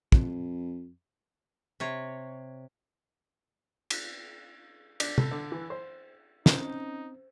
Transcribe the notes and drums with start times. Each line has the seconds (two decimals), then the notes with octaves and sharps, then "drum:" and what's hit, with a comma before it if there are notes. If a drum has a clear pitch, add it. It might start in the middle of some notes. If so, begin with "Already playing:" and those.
0.12 F2, drum: kick
1.80 C3 C#5
3.90 drum: cymbal
5.00 D4, drum: cymbal
5.18 A4, drum: tom
5.31 D3
5.52 E3
5.70 C5
6.46 C4 C#4 D#4 C5, drum: snare